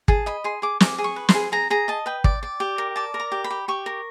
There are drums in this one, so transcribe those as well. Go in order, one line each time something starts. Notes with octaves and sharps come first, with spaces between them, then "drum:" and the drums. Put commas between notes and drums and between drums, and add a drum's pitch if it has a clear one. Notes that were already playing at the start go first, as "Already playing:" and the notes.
G#4 A5, drum: kick
D#5 B5
G#4 C6
G#4 D6
G#4 D6, drum: snare
G#4
C#6
B4
C6, drum: snare
G#4
G#4 A#5
G#4 A#5
D#5 A5
B4 G5
D5, drum: kick
D5
G4
A#4
D5 A5
A#4
A#5
G4
B5
G4
G4 C#6
A#4